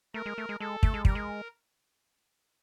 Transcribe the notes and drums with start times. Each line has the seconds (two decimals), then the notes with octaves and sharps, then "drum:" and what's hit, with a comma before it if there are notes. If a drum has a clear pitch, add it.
0.14 A3 A#4
0.26 G#3
0.38 A3
0.49 G#3
0.60 G#3 A4
0.83 A3, drum: kick
0.94 G#3
1.05 G3 A#4, drum: kick
1.15 G#3